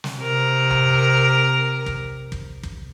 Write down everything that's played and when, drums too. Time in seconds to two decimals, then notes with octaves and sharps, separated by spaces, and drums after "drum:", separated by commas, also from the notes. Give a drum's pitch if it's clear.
0.04 drum: snare
0.22 C3 A#4
0.70 drum: tom
1.86 drum: kick
2.32 drum: kick
2.63 drum: kick